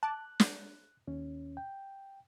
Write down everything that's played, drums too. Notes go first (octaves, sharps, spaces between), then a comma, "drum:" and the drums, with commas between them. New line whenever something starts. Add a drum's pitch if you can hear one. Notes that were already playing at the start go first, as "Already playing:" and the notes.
A5 D6 F#6
drum: snare
D#2 C#4
G5